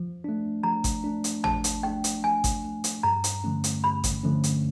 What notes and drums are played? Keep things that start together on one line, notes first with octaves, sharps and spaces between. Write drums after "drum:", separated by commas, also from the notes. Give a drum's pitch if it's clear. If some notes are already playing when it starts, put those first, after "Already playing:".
Already playing: F3
A3 D4
F3 A#5
drum: kick, hi-hat
A3 D4
drum: hi-hat
F3 A5, drum: tom
drum: hi-hat
A3 D4 G5
drum: hi-hat
F3 G#5
drum: kick, hi-hat
A3 D4
drum: hi-hat
G2 A#5
drum: hi-hat
D3 F3 A3 C#4
drum: hi-hat
G2 B5
drum: kick, hi-hat
D3 F3 A3 C#4
drum: hi-hat